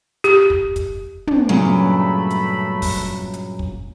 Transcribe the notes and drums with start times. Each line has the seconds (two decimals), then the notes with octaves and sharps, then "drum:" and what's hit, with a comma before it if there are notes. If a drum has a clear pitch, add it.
0.24 G4, drum: hi-hat
0.50 drum: kick
0.76 drum: kick, hi-hat
1.27 drum: tom
1.49 G2 A#2 C#3 F#3 A3 B5
2.30 drum: hi-hat
2.82 drum: kick, open hi-hat
3.33 drum: hi-hat
3.59 drum: kick